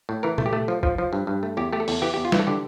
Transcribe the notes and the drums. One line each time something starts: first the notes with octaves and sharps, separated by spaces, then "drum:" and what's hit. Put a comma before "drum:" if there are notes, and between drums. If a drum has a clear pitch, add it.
A2
E3 A#4
A3, drum: tom A#2
G4
A3
F3
F3, drum: kick
F3
G2
G2
A3
E2 G4
A3 G4
A4
E2, drum: open hi-hat
E3 G4
E2 G4
F4
E3, drum: snare G3
A4
D3 G4